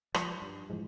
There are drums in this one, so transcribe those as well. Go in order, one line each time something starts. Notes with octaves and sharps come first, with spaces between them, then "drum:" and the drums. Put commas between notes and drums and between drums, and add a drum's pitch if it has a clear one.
F3, drum: rim click
G2
G#2 E3 F3 G#3